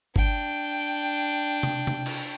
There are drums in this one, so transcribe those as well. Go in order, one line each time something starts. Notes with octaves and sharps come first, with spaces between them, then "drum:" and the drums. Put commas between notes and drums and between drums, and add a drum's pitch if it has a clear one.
D4 G5, drum: kick
drum: tom C3
drum: tom C3
drum: cymbal